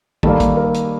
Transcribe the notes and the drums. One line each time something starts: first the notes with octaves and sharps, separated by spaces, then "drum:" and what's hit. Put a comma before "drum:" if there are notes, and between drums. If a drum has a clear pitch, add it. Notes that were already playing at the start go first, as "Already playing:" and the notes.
D#3 G3 A#3 A4, drum: kick
drum: kick, hi-hat
A#4
drum: hi-hat